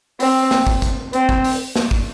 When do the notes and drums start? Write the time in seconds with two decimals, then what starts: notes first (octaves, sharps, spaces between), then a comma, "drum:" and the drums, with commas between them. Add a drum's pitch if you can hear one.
0.20 C4, drum: open hi-hat
0.51 drum: snare
0.67 drum: kick
0.82 drum: kick, hi-hat
1.13 C4, drum: hi-hat
1.29 drum: kick
1.44 drum: open hi-hat
1.76 drum: snare
1.91 drum: kick